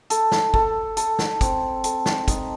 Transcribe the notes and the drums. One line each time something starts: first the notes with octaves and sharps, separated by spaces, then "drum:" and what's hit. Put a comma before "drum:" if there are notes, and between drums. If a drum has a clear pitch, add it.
A4, drum: hi-hat
drum: snare
A4, drum: kick
A4, drum: hi-hat
drum: snare
C4, drum: kick, hi-hat
A4, drum: hi-hat
drum: snare
D#4, drum: kick, hi-hat